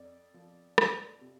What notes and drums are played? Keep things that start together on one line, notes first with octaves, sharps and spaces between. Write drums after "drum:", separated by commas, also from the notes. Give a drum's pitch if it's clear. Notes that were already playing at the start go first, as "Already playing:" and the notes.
Already playing: F2 D5
F3
F2, drum: rim click
C3